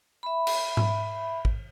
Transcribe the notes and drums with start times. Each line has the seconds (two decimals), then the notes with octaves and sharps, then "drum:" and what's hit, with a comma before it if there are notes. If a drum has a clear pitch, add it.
0.23 E5 B5
0.47 drum: cymbal
0.77 drum: tom G#2
1.45 drum: kick